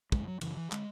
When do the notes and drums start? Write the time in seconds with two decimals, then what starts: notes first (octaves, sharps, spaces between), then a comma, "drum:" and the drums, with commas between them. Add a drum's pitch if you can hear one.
0.12 F#2 C#3 G#3, drum: kick
0.28 F#3
0.41 F#2 C#3 E3, drum: cymbal
0.57 E3
0.72 D3 G#3, drum: clap